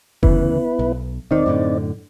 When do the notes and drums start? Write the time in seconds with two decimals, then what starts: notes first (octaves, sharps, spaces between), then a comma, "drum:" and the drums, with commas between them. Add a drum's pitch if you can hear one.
0.23 D2 C#3 E3 B3 E4 B4, drum: kick F1
0.79 B1
1.31 E1 D#3 C4 D#4 D5
1.46 F#2 A2 D3